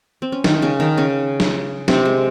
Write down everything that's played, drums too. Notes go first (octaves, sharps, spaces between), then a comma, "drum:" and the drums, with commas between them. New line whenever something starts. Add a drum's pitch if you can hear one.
C4
C#4
D#3 D#4, drum: snare
C#3 C#4
D#3 D#4
C#3 C#4
drum: snare
C3 C4, drum: snare
G#3